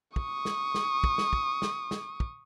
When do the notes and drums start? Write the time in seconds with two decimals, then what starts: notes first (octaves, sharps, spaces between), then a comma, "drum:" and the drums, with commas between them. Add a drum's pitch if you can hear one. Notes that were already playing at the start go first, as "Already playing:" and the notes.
0.16 C#6 D#6, drum: kick
0.45 drum: snare
0.74 drum: snare
1.04 drum: kick
1.18 drum: snare
1.33 drum: kick
1.62 drum: snare
1.91 drum: snare
2.20 drum: kick